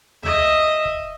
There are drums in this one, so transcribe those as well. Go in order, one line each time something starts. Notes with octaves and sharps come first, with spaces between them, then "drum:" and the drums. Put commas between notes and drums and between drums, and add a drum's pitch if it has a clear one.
D#5 E5, drum: tom
drum: kick